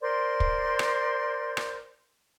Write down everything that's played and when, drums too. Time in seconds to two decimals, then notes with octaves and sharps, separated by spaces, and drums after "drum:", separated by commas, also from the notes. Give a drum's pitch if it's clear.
0.01 A#4 C5 D5 C6
0.40 drum: kick
0.79 drum: rim click
1.57 drum: rim click